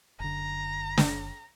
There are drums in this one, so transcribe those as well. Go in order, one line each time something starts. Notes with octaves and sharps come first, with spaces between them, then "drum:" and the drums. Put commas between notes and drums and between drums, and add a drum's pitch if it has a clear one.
F#1 D3 A#5
drum: snare